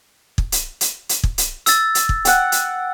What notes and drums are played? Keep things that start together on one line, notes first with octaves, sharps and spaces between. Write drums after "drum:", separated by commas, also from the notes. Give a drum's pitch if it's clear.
drum: kick
drum: hi-hat
drum: hi-hat
drum: hi-hat
drum: kick
drum: hi-hat
E6 A6, drum: hi-hat
drum: hi-hat
drum: kick
F#5 G5, drum: hi-hat
drum: hi-hat